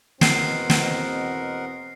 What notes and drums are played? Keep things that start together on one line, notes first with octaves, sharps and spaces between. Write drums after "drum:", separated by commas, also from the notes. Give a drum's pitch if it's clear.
E2 B2 C4 A#4 D#5 F#5 C7, drum: snare
drum: snare